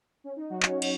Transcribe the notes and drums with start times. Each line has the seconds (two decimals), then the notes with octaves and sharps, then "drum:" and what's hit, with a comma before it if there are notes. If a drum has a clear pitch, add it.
0.24 C#4
0.36 D#4
0.49 F#3 F#4
0.63 C#4 C#5, drum: clap
0.82 drum: cymbal